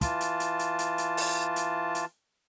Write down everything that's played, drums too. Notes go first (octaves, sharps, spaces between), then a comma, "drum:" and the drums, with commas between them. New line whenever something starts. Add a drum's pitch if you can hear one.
E3 F4 A5, drum: kick, hi-hat
drum: hi-hat
drum: hi-hat
drum: hi-hat
drum: hi-hat
drum: hi-hat
drum: open hi-hat
drum: hi-hat
drum: hi-hat